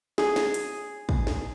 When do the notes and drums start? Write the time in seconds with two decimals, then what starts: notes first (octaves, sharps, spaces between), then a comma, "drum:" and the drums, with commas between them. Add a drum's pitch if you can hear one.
0.18 G#4, drum: snare
0.36 drum: snare
0.54 drum: hi-hat
1.09 drum: kick
1.27 drum: snare